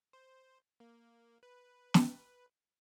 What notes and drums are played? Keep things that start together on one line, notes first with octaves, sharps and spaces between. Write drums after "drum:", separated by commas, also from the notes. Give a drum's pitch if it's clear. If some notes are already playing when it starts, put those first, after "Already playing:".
C5
A#3
B4
drum: snare